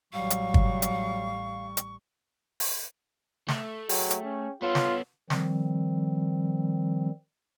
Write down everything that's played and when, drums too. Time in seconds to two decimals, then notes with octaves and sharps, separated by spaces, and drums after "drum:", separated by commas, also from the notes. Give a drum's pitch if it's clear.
0.13 A1 F#3 G3 F5 C#6
0.30 drum: hi-hat
0.54 drum: kick
0.82 drum: hi-hat
1.77 drum: hi-hat
2.60 drum: open hi-hat
3.48 A3, drum: snare
3.89 F#3 G#4 G5, drum: open hi-hat
4.10 drum: hi-hat
4.24 C#4
4.62 B3 F4 A4 C#5
4.75 drum: snare
5.30 D#3 F3 G3 C4, drum: snare